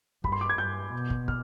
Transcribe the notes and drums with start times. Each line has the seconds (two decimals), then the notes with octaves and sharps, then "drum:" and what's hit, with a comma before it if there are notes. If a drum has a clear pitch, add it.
0.24 G2 B5, drum: kick
0.32 C6
0.41 D6
0.50 G#6
0.58 G2 G6
0.93 B2
1.10 drum: kick
1.28 F6, drum: kick